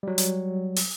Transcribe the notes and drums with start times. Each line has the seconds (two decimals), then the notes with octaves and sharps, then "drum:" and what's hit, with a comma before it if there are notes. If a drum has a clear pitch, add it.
0.03 F#3 G3
0.18 drum: hi-hat
0.76 drum: open hi-hat